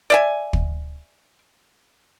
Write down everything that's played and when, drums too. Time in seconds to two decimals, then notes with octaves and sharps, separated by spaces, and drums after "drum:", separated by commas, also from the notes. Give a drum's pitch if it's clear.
0.10 D5 E5 G#5
0.53 drum: kick